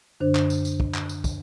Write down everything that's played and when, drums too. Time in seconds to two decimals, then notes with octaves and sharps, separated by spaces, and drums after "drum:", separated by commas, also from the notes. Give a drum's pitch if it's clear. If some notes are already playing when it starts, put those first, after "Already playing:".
0.20 F#2 D3 D4 C5
0.35 drum: clap
0.50 drum: tambourine
0.65 drum: tambourine
0.80 drum: kick
0.95 drum: clap
1.09 drum: tambourine
1.24 drum: kick, tambourine